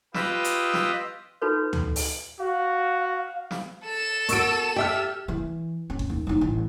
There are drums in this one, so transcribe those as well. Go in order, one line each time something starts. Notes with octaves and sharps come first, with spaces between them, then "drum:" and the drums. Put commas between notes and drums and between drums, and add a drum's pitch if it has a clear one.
F4 G4 B4 D#5 E6, drum: snare
drum: hi-hat
drum: snare
D#4 F4 F#4 A4 B4 C#5
drum: tom D2
drum: open hi-hat
F#4 F5
drum: snare
A4 E7
A#3 F#4 C#6 E6 D7, drum: hi-hat
G4 E5 G5 F6
E3
C#4
drum: kick G1
D#2
F#3 D#4
A1